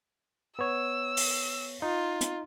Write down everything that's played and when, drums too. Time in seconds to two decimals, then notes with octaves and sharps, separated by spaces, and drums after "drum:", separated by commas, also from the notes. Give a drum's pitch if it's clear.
0.59 B3 C#5 E6
1.17 drum: open hi-hat
1.82 D#4 F4
2.21 drum: hi-hat